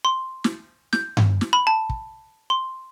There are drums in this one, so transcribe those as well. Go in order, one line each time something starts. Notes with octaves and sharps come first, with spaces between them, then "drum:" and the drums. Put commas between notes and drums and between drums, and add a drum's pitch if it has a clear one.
C6
drum: snare
G6, drum: snare
drum: tom G2
drum: snare
B5
A5
drum: kick
C6